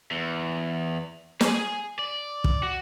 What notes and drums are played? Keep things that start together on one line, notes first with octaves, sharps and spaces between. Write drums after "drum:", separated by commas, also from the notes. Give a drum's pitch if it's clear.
E2
G#4 G#5, drum: snare
D5
drum: kick
F#4